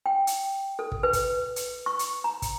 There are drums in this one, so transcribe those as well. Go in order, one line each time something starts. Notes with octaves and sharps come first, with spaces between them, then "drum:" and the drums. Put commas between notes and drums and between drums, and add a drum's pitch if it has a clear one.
G5
drum: hi-hat
A4
drum: kick
B4
drum: kick, hi-hat
drum: hi-hat
C#6
drum: hi-hat
A#5
drum: kick, hi-hat